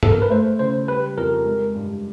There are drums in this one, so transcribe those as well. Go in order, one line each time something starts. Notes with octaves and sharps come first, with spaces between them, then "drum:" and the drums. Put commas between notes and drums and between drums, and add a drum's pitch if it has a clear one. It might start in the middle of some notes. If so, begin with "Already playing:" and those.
A4, drum: tom G2
A#4
B4
A3 C5
C#3 C5
G3 B4
F2 A#4
G#3
G2